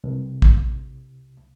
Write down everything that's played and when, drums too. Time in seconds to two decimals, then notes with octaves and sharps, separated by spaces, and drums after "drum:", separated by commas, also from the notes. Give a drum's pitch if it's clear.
0.04 C2
0.42 drum: kick